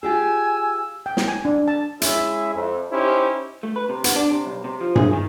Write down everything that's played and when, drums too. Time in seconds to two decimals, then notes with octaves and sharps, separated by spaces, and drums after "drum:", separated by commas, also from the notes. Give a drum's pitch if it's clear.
0.03 F4 G4 G#4 G#5 E6
1.06 G5
1.17 drum: snare
1.28 G#5
1.45 D4
1.68 A5
2.02 G#3 C#4 E4 G#4 E5, drum: hi-hat
2.55 F2
2.92 C#4 D#4 E4 G4 C5
3.63 A3
3.76 B4
3.89 C3
4.04 B3, drum: hi-hat
4.16 D4
4.31 C3
4.45 B1
4.64 C3
4.81 F3
4.96 G#4, drum: tom G2
5.13 D#3